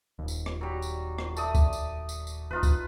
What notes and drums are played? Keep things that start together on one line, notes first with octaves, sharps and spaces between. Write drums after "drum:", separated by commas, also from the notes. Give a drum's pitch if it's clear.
D#1 D#2
drum: tambourine
drum: rim click
F#3 G3
drum: tambourine
drum: rim click
A3 D5 D#6, drum: tambourine
drum: kick C#2, tambourine
drum: tambourine
drum: tambourine
drum: tambourine
E1 D#4 F4 B4
drum: kick C#2, tambourine